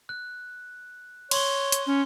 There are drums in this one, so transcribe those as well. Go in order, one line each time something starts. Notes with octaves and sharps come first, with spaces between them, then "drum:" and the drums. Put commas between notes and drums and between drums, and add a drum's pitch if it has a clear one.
F#6
C#5 C6 G7, drum: cymbal
drum: hi-hat
C#4